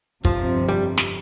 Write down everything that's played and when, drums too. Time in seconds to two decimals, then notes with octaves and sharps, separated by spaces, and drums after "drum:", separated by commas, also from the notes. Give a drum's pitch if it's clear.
0.25 G1 F2 C3 F3, drum: kick
0.68 G3
0.98 drum: snare